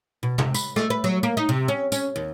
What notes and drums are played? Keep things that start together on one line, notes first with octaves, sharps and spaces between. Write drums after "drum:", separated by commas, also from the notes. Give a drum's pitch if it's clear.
B2
C3, drum: tom
B4, drum: tambourine
A3, drum: rim click
B4
F#3
A#3
D#4
C3
C#4
C#4, drum: tambourine
D#2